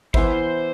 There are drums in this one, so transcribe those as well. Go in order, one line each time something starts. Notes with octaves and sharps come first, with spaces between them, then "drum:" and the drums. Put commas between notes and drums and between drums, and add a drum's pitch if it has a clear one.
E3 B3 E4 C5, drum: kick G1